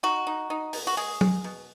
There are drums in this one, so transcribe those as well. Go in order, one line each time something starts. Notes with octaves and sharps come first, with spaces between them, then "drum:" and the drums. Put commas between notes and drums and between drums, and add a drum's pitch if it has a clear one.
D#4 F#4
D#4
D#4
B2, drum: open hi-hat
F#4
G#3 G#4
G#3, drum: tom
B2